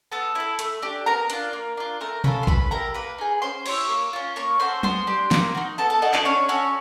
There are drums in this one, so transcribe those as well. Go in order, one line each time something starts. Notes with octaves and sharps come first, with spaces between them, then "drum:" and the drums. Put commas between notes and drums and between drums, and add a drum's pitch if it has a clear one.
B3 A4 A5
E4 A4
A3, drum: hi-hat
D4 G4
B3 A#4 A#5
D4 F4, drum: hi-hat
A#3
D4 F4
A3 A#4 A#5
C#4 F4 A4 B4 B5, drum: tom B2
C6
C#4 B4 B5, drum: kick
E4 G4 A#4 A#5
A#3 B4 B5
D#4 G#4
C#4 C5 C6
E4 G4 C#5 C#6, drum: cymbal
A#3
C#4 F4
A#3 C#5 C#6
C#4 F#4 A4 C5 C6
B3 C5 C6, drum: tom
D4 G4
A#3, drum: snare
D#4 F#4
B3 A4 A5
A4 A5
D4 D#4 F#4 A4 D#5
D4 D5, drum: clap
C#4 D4 C#5
C#4 F#4 A4 C#5